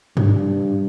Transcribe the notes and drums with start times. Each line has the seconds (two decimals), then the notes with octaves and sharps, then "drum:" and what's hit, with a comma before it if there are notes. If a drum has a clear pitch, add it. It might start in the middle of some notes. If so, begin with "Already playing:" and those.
0.17 G2, drum: tom G2